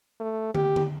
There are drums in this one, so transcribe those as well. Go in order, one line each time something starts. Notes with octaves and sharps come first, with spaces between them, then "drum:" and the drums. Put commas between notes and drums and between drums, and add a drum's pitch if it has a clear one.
A3
G4, drum: tom
drum: tom D3